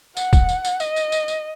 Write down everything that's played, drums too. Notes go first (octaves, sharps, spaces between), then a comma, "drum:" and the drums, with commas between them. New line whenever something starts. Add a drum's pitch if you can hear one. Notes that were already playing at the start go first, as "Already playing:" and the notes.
F#5, drum: tambourine
drum: kick, tambourine
drum: tambourine
drum: tambourine
D#5, drum: tambourine
drum: tambourine
drum: tambourine
drum: tambourine